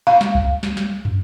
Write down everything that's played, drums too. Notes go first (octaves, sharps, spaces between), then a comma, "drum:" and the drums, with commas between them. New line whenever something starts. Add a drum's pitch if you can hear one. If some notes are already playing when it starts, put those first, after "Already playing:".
F5
drum: snare
drum: kick C2
drum: snare
drum: snare
drum: tom